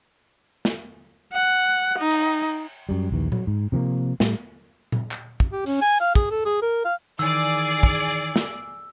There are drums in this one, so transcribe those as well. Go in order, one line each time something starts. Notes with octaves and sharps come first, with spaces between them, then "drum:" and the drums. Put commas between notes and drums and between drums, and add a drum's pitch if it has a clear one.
drum: snare
F#5
D#4
drum: cymbal
F#2 G3
A#1 D#2 E3
F#3, drum: tom A#2
G#2
C3 F3 G3 A#3
A2 G3 A3, drum: snare
drum: tom A#2
drum: clap
drum: kick
G4
C#4, drum: open hi-hat
G#5
F5
G#4, drum: kick
A4
G#4
A#4
F5
D#3 E3 G#4 D5 E6
drum: kick
drum: snare